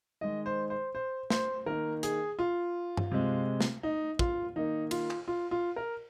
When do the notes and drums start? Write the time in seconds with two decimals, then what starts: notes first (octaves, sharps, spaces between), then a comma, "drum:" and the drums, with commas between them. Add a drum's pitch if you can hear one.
0.21 D#3 G#3 D#5
0.46 C5
0.70 C5
0.95 C5
1.30 C5, drum: snare
1.66 D#3 A#3 A#4
2.03 G#4, drum: hi-hat
2.39 F4
2.97 drum: tom G2
3.12 C3 G#3
3.61 drum: snare
3.83 D#4
4.19 F4, drum: kick
4.56 D#3 A#3 D#4
4.91 F4, drum: cymbal
5.10 drum: clap
5.28 F4
5.51 F4
5.76 A#4